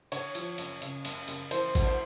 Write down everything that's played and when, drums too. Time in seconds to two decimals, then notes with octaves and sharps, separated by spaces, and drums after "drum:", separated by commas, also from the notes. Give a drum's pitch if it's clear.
0.12 D3 C#5, drum: cymbal
0.35 F3, drum: cymbal
0.58 F#1, drum: cymbal
0.82 C#3, drum: cymbal
1.05 F#1, drum: cymbal
1.28 F#1, drum: cymbal
1.51 E3 C5, drum: cymbal
1.75 D2, drum: kick A1, cymbal
1.87 C5